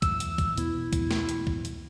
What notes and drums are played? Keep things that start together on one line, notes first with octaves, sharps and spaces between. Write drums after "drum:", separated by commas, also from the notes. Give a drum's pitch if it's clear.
E2 E6, drum: kick, hi-hat
drum: hi-hat
drum: kick, hi-hat
E2 B2 B3 E4, drum: hi-hat
drum: kick, hi-hat
drum: snare
drum: hi-hat
drum: kick
drum: hi-hat